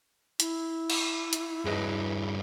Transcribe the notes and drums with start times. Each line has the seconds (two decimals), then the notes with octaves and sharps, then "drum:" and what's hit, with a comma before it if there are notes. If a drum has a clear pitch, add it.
0.40 E4, drum: hi-hat
0.90 drum: cymbal
1.33 drum: hi-hat
1.65 G2 C#4 G#4 B4 D#5